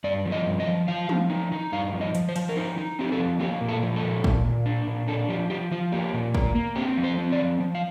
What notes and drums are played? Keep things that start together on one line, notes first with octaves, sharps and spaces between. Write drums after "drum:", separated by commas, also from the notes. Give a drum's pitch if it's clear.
G2 D5
F3
D#5
G2
D#5
F3
F3 F5
F3, drum: tom
D#4
D#4
G2 F5
F3
D#5
F3, drum: hi-hat
C5
F3, drum: cymbal
A#4
D#4 C5
D#4
C4 G4
A4
F3
A#3 G4
A#2
A4
F3
A4
A#2
A#2, drum: kick
A#2
D4
A#2
D4 A4
F3 G4
F3 G4
F3 F4
A#3 G4
A#2
A#3, drum: kick
A#3
C4 G4
F3
C5
C4
D5
F3
F3
F5